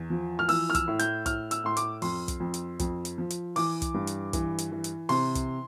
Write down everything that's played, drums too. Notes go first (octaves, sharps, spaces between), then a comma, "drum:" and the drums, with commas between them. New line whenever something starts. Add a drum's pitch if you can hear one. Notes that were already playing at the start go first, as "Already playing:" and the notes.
Already playing: E2
F3
F6
E3 E6, drum: open hi-hat
F6
E6, drum: kick, hi-hat
A2
G6, drum: hi-hat
A2 F6, drum: kick, hi-hat
E6, drum: hi-hat
A2 C6
D6, drum: hi-hat
F2 C6, drum: open hi-hat
drum: kick, hi-hat
F2
drum: hi-hat
F2, drum: kick, hi-hat
drum: hi-hat
F3
drum: hi-hat
E3 D6, drum: open hi-hat
drum: kick, hi-hat
G2
drum: hi-hat
E3, drum: kick, hi-hat
drum: hi-hat
E3
drum: hi-hat
C3 C6, drum: open hi-hat
drum: kick, hi-hat